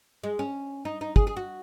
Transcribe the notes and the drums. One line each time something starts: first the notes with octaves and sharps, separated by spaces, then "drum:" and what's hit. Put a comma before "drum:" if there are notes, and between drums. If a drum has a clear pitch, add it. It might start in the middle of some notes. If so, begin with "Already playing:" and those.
G#3
C#4
D#4
D#4
G#4, drum: kick
G#4
F#4